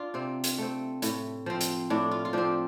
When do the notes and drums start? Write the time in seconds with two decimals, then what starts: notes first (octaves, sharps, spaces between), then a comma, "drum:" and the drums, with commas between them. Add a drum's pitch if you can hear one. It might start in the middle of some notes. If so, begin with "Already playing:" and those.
Already playing: D4 F4
0.14 C3 C4
0.44 drum: hi-hat
0.58 A3 C4
1.02 A2, drum: hi-hat
1.46 F3 C4
1.61 drum: hi-hat
1.90 A2 D4
2.11 F4
2.25 F4
2.33 F3 C4 D4